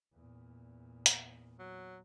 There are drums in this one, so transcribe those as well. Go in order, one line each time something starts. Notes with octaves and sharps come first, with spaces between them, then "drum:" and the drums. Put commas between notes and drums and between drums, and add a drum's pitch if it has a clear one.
E2 A#2
drum: hi-hat
F#3